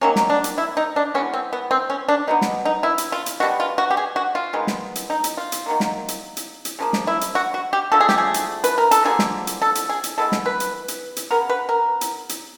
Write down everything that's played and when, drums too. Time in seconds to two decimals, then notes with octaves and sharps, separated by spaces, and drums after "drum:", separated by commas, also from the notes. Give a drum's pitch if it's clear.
0.01 C3 D#3 F#3 A#3 C#4
0.16 drum: snare
0.30 D4
0.44 drum: hi-hat
0.58 E4
0.77 D#4
0.96 D4
1.14 E3 G#3 B3 C#4
1.34 C4
1.53 B3
1.71 C4
1.90 C#4
2.08 D4
2.27 B2 F#3 B3 D#4
2.42 drum: snare
2.65 D#4
2.83 E4
2.98 drum: hi-hat
3.12 F4
3.26 drum: hi-hat
3.40 B2 G3 B3 F#4
3.60 F4
3.78 F#4
3.91 G4
3.97 G#4
4.16 F#4
4.35 F4
4.53 D#3 G#3 B3
4.67 drum: snare
4.96 drum: hi-hat
5.10 D#4
5.24 drum: hi-hat
5.37 F4
5.52 drum: hi-hat
5.66 D#3 F#3 A#3
5.80 drum: snare
6.08 drum: hi-hat
6.37 drum: hi-hat
6.65 drum: hi-hat
6.79 C#3 F3 A#3
6.93 drum: snare
7.07 E4
7.21 drum: hi-hat
7.35 F#4
7.54 F#4
7.73 G4
7.92 D3 F3 A3 A4
8.00 G#4
8.09 G4, drum: snare
8.18 G#4
8.34 drum: hi-hat
8.64 B4, drum: hi-hat
8.78 A#4
8.91 A4, drum: hi-hat
9.04 D3 F3 A#3 G#4
9.19 drum: snare
9.47 drum: hi-hat
9.62 A4
9.75 drum: hi-hat
9.89 G#4
10.04 drum: hi-hat
10.18 E3 G#3 B3 A4
10.32 drum: snare
10.46 B4
10.60 drum: hi-hat
10.88 drum: hi-hat
11.16 drum: hi-hat
11.31 C#3 F#3 B3 A#4
11.50 B4
11.69 A#4
12.01 drum: hi-hat
12.29 drum: hi-hat